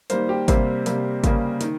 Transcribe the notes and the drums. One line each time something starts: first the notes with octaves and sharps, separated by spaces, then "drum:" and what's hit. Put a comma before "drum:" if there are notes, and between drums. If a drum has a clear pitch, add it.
D#3 G3 A#3 C5, drum: hi-hat
G4
C3 G3 A#3 C5, drum: kick G#1, hi-hat
C3 G3 A#3, drum: hi-hat
C#3 G3 A#3, drum: kick G#1, hi-hat
D#3, drum: hi-hat